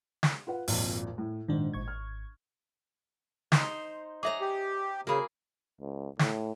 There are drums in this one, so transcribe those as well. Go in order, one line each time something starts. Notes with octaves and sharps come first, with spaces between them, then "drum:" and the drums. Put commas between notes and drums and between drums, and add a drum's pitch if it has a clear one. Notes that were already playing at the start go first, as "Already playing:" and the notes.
drum: snare
F4 B4 F#5
G#1 F2 A#2, drum: open hi-hat
A2
A#1 G#2 D#3 D4
G#1 C#6 G#6
F6
D#4 C5, drum: snare
G#4 C#5 E5 F#5 A#5 D6
G4
C#3 A#3 F#4 G#4 B5
C#2
A2, drum: snare